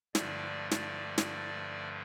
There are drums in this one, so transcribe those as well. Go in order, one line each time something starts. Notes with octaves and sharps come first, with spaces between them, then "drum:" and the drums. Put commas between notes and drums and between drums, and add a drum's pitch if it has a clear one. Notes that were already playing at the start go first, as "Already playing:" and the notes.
G2 D3 F3 A3 D5, drum: snare
D5, drum: snare
drum: snare